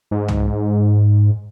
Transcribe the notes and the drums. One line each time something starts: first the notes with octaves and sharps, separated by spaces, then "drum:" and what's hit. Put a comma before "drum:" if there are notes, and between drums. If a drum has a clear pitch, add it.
G#2
drum: tom C2